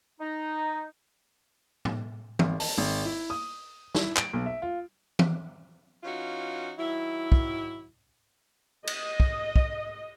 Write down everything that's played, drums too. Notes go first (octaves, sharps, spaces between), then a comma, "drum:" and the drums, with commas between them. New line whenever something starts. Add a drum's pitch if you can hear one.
D#4
drum: tom
G#1, drum: tom E3
A5, drum: open hi-hat
G#1
E4
D#6
E4, drum: snare
D7, drum: clap
B1
E5
F4
drum: tom E3
E3 C#4 D#4 F4 F#4
D#3 F#3 E4
drum: kick
D#5, drum: cymbal
drum: kick
drum: kick